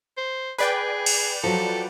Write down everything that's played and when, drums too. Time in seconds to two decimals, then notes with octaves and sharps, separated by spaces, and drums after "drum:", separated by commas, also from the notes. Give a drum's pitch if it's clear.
0.17 C5
0.58 G#4 B4 D5 G5
1.06 drum: cymbal
1.43 F3 F#3 A4